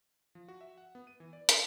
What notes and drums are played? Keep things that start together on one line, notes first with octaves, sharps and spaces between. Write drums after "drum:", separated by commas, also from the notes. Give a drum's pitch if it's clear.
F3
F#4
E5
F#5
B3
D#7
E3
D5
B5, drum: hi-hat